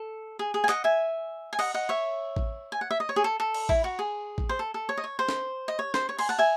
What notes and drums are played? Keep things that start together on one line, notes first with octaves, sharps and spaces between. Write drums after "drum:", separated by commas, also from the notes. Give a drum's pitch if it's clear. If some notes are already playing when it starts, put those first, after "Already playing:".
Already playing: A4
G#4
G#4
G#5
D#5 F#5, drum: clap
E5 G#5
G#5
D#5 F#5, drum: cymbal
D#5 F#5
C#5 E5
drum: kick A1
G#5
F#5
E5
D#5
C#5
G#4
A4
A4
drum: cymbal
E4, drum: kick A1
F#4
G#4
drum: kick A1
C5
A4
A4
C#5
D#5
C#5
C5
drum: snare
D#5
C#5
C5, drum: snare
C#5
G#5 C6, drum: cymbal
F#5 A5
E5 G#5